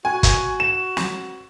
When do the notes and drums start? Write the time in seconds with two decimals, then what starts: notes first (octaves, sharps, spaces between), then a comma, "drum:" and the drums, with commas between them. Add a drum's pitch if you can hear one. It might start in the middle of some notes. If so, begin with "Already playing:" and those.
0.05 F#4 G#5
0.23 drum: kick, hi-hat
0.60 E7
0.97 drum: snare